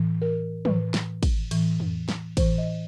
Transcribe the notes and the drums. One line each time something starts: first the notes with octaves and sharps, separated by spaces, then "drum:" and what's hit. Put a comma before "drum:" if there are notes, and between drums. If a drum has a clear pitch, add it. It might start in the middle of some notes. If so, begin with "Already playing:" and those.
Already playing: A2 E3
A#4
A2 E3 B4, drum: tom
drum: snare
drum: kick, cymbal
A2 E3, drum: cymbal
drum: tom
drum: snare
A2 E3 C5, drum: kick, cymbal
D#5